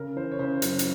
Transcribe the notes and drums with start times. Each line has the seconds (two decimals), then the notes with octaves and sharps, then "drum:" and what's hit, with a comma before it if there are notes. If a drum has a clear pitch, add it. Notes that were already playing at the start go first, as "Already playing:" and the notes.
Already playing: C#3 A#4
0.16 E3 C5
0.31 C#5
0.39 C#3 C5
0.62 F#2, drum: hi-hat
0.79 drum: hi-hat